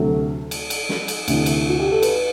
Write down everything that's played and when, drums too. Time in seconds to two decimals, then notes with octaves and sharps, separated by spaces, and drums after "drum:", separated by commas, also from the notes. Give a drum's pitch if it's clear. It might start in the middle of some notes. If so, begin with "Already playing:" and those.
Already playing: D2 C3 F#3 A4
0.51 drum: cymbal
0.70 drum: cymbal
0.89 drum: snare
1.08 drum: cymbal
1.28 D2 C3 E3, drum: cymbal
1.46 drum: cymbal
1.69 F#4
1.80 G4
1.92 A4
2.03 B4, drum: cymbal